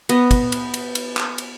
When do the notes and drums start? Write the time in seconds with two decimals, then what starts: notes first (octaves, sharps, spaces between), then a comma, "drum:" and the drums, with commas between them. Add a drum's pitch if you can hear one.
0.09 B3 D#5, drum: cymbal
0.31 drum: kick, cymbal
0.52 drum: cymbal
0.74 drum: cymbal
0.95 drum: cymbal
1.17 drum: clap
1.38 drum: cymbal